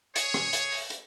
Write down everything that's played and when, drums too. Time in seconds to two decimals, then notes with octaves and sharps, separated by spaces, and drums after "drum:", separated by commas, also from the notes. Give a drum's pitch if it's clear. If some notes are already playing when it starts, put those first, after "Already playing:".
0.16 G#4 C#5, drum: hi-hat
0.34 drum: rim click
0.53 drum: hi-hat
0.72 drum: open hi-hat
0.90 drum: hi-hat